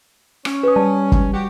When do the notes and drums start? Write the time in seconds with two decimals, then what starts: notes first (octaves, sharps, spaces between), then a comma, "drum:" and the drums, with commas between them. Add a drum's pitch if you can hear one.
0.45 C#4, drum: rim click
0.63 B4 D#6
0.76 G3 A5
1.12 drum: kick
1.34 F#4 G4